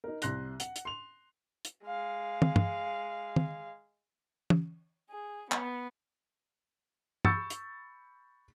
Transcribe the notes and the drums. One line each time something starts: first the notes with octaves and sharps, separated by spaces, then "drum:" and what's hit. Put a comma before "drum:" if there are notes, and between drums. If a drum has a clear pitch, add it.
D#4 A#4
C2 C6 F#6 A#6, drum: hi-hat
F#5, drum: hi-hat
drum: hi-hat
C6 F7
drum: hi-hat
G#3 F5
drum: tom
drum: tom G2
drum: tom
drum: tom
G#4
B3, drum: clap
B5 C#6 E6 G6 A6 C#7, drum: tom G2
drum: hi-hat